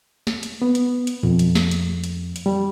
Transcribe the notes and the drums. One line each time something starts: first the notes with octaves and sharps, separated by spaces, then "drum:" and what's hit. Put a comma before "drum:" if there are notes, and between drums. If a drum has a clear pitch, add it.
drum: snare
drum: hi-hat
B3
drum: hi-hat
drum: hi-hat
F2, drum: tom A#2
drum: hi-hat
drum: snare
drum: hi-hat
drum: hi-hat
drum: hi-hat
G3